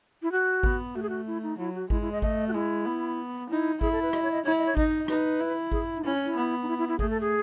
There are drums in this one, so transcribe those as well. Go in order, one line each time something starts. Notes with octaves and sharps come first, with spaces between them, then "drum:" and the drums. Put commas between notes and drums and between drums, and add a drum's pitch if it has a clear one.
E4
F#4
B3, drum: kick G#1
A3 F#4
G#4
F#4
E4
D#4
F#3 E4
F#4
G#3 E4, drum: kick G#1
E4
D#5
A3 D#5, drum: kick G#1
F#4
G#3 E4
B3
D#4 E4
E4 G#4, drum: kick G#1
A4
B4
D#5, drum: rim click
C#5
D#5
E4 C#5
D#5
C#5
D#4 D#5, drum: kick G#1
D#4 B4, drum: rim click
E4
G#4, drum: kick G#1
D#4
C#4 E4
E4
B3
D#4
E4
E4
E4
A3 G#4, drum: kick G#1
A4
G#4